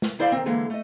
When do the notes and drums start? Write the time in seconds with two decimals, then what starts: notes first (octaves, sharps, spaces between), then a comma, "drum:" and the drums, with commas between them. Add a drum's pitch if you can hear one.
0.02 drum: snare
0.19 D#3 E4 C5 D5 F5
0.32 D#3 C4
0.46 D3 E3 G#3 A#3
0.70 A3 D#5